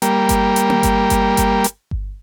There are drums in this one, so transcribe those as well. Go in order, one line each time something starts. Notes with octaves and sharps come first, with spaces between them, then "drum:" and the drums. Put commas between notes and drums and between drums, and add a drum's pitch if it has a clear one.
G3 A#3, drum: hi-hat
drum: kick G1, hi-hat
drum: hi-hat
drum: tom A#3
drum: kick G1, hi-hat
drum: kick G1, hi-hat
drum: kick G1, hi-hat
drum: hi-hat
drum: kick G1